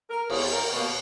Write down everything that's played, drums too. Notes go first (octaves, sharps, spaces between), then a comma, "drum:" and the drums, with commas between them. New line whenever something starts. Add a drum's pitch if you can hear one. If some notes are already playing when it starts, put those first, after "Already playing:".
A#4
E2 G#4, drum: cymbal
A#4
B2 A#3 B4